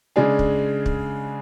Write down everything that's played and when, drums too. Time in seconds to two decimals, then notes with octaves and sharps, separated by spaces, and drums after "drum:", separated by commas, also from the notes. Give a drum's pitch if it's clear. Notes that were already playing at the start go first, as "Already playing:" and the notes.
0.16 C#3 G#3 D4 G#4
0.39 drum: kick
0.86 drum: kick